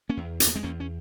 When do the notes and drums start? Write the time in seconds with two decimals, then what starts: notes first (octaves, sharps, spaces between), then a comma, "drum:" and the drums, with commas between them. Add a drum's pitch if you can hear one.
0.09 A#3 C#4
0.17 E2
0.40 E2 C4, drum: hi-hat
0.47 A#3
0.56 G#3 C4
0.63 E2 A#3 C#4
0.80 C#4